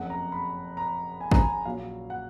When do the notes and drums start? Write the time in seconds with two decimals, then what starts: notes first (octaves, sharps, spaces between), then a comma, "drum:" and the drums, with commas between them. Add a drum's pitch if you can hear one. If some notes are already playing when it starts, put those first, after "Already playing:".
Already playing: F#1 F2 C#3 F#5
0.10 A#5
0.32 B5
0.77 A#5
1.21 G#5
1.32 A#5, drum: kick G#1
1.42 G#5
1.66 A#1 A#2 F#3 F5
2.10 F#5